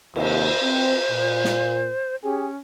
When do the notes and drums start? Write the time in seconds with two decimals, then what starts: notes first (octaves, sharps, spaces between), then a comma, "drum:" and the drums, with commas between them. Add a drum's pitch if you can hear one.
0.16 D#2 C3 A#3 C5, drum: cymbal
0.62 C4
1.10 A#2
1.44 drum: snare
2.24 C#4 G4 G#4